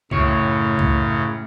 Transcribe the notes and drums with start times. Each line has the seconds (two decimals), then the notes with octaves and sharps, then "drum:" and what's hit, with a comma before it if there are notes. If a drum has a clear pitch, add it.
0.11 F#2 A2 C#3 C#5, drum: kick C2
0.79 drum: kick C2